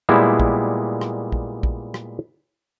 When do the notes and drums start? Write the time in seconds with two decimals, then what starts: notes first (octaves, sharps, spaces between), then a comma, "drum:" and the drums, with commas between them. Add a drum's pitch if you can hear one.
0.09 A#2 G3 G#3 B3 E4
0.40 drum: kick A#1
1.01 drum: rim click
1.32 drum: kick A#1
1.63 drum: kick A#1
1.94 drum: rim click